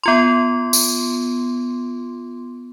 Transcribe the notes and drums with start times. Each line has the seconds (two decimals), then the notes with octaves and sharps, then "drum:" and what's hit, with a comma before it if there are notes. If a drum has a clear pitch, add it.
0.03 B3 F4 C6
0.73 drum: tambourine